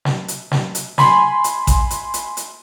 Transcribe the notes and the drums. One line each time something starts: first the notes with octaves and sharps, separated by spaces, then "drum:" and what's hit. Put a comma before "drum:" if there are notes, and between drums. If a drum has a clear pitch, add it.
drum: snare
drum: hi-hat
drum: snare
drum: hi-hat
G#5 B5 C6, drum: snare
drum: hi-hat
drum: kick A1, hi-hat
drum: hi-hat
drum: hi-hat
drum: hi-hat